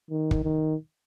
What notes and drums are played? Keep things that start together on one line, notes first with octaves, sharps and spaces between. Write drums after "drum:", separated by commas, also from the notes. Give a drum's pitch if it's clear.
D#3
drum: kick
D#3